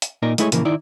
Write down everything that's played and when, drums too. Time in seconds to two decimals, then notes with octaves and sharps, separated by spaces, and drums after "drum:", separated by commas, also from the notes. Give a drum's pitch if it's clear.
0.02 drum: hi-hat
0.22 A#2 A#3 D#4 A#4 D5
0.38 G#3 A3 E4 G#4 C5 C#5, drum: hi-hat
0.52 A#2 C#3 E3 F3 A#3, drum: hi-hat
0.65 D#3 D#4 E4 D5